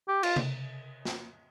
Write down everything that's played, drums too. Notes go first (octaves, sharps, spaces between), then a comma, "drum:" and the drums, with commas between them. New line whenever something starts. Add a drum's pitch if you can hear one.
G4
F4, drum: cymbal
drum: tom C3
drum: snare